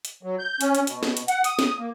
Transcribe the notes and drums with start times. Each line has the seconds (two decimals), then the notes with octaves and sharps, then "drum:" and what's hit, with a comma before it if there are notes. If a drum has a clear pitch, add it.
0.05 drum: hi-hat
0.23 F#3
0.39 G6
0.61 C#4, drum: hi-hat
0.75 drum: hi-hat
0.87 B2, drum: hi-hat
1.03 drum: snare
1.17 drum: hi-hat
1.28 F#5, drum: hi-hat
1.44 D#6, drum: hi-hat
1.59 drum: snare
1.78 A#3